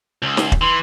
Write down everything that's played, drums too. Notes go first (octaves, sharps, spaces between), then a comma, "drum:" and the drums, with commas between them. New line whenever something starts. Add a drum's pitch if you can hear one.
C#2
drum: snare
drum: kick
E3 C6